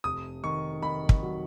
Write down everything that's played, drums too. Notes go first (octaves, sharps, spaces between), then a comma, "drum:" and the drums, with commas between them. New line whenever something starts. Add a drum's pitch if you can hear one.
F1 D#6
D#3 C#6
D#3 B5
drum: kick
F#3